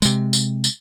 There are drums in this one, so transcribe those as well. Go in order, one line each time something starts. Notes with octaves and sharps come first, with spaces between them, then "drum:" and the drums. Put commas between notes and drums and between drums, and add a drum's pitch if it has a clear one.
C3 G#3, drum: tambourine
drum: tambourine
drum: tambourine